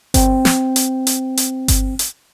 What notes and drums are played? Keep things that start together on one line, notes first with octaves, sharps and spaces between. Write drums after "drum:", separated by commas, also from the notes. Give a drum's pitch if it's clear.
C4 G5, drum: kick G1, hi-hat
drum: snare
drum: hi-hat
drum: hi-hat
drum: hi-hat
drum: kick G1, hi-hat
drum: hi-hat